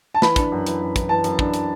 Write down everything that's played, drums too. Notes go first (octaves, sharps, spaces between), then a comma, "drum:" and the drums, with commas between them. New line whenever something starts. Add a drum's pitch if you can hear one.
A5
E3 B5, drum: snare
D4, drum: kick, hi-hat
F#2
E3, drum: hi-hat
F#2
E3, drum: kick, hi-hat
E3 A5
F#2, drum: hi-hat
D4, drum: kick
drum: hi-hat